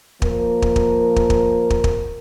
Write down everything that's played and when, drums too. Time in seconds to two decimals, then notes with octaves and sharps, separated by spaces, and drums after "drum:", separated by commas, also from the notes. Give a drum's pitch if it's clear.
0.22 F3 A#3 A#4, drum: kick
0.62 drum: kick
0.76 drum: kick
1.16 drum: kick
1.30 drum: kick
1.70 drum: kick
1.84 drum: kick